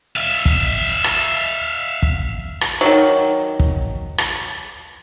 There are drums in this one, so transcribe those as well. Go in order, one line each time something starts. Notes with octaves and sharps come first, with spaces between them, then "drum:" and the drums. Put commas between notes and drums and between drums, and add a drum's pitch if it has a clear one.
E5 F5
drum: kick
drum: rim click
drum: kick
drum: rim click
D#3 F#3
drum: kick
drum: rim click